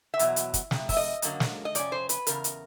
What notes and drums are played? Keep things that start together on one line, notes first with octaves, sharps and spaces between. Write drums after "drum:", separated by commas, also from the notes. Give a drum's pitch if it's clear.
E5
E2 B2 F#3, drum: hi-hat
drum: hi-hat
drum: kick, hi-hat
F2 C3, drum: snare
E5, drum: kick, open hi-hat
D#5
F#2 D3 F#3 A#3, drum: hi-hat
drum: snare
D#5
F2 C3 C#4 D5, drum: hi-hat
C5
B4, drum: hi-hat
E2 C#3 A#4, drum: hi-hat
drum: hi-hat